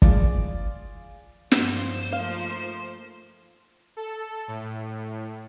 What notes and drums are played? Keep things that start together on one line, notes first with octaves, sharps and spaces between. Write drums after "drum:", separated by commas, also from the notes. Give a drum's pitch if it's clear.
F4 G#4 D5, drum: kick G1
G2 F3 C5, drum: snare
F3 A3 A#3 D#4 F5
A4
A2